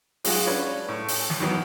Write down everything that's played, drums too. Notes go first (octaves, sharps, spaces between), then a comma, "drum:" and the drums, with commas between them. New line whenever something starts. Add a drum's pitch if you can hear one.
F#3 G#3 F4 F#4, drum: open hi-hat
C#4 D4 B4 C#5 D5
A2
drum: open hi-hat
drum: snare
D#3 E3 F#3 B3